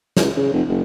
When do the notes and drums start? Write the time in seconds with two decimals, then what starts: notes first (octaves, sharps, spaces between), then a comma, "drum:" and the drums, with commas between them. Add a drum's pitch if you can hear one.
0.17 C#2, drum: snare
0.37 C#3
0.53 F1
0.68 F#1